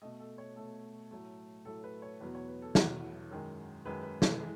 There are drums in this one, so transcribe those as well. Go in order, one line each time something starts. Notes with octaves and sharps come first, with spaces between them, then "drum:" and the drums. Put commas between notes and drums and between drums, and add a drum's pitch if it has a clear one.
B2 A3 D#5
A4
C#5
B2 A3 A4
A2 F#3 A3
A2 F#3 A3 A4
B4
C#5
E2 B2 F#3 B3 B4
C#5
B4
A4
E2 B2 F#3 B3, drum: snare
F#2 D#3 G#3
F#2 D#3 G#3 B4
B4
A4, drum: snare
E3 G#3